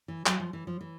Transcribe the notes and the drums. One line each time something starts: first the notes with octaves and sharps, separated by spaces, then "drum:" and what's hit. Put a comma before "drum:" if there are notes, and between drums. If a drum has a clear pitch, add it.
E3
F#3, drum: clap
F3
E3
F3
E3